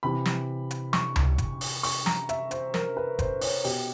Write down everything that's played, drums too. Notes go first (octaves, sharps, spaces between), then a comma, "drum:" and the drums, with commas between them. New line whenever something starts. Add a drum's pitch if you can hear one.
C3 E3 B5
drum: snare
drum: hi-hat
C#6, drum: snare
drum: tom C#2
drum: kick F#1, hi-hat
drum: open hi-hat
C#6, drum: open hi-hat
A#5, drum: snare
E5, drum: hi-hat
C5, drum: hi-hat
A#4, drum: snare
B4
C5, drum: kick F#1, hi-hat
C#5, drum: open hi-hat
B2 G4, drum: open hi-hat